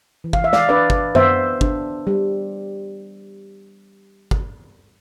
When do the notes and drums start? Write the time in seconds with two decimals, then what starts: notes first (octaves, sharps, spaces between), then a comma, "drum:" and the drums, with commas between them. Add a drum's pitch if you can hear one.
0.24 E3
0.33 F5, drum: kick
0.44 E5
0.53 D5 F5, drum: snare
0.69 D4 B4 D5
0.90 drum: kick
1.15 B3 C5 E5, drum: tom F#2
1.61 D4, drum: kick
2.07 G3
4.31 drum: kick